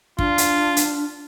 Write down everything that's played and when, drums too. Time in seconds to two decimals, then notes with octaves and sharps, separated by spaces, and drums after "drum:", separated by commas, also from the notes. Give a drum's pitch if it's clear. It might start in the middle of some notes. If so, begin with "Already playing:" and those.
0.19 D4 F4, drum: kick
0.38 drum: hi-hat
0.77 drum: hi-hat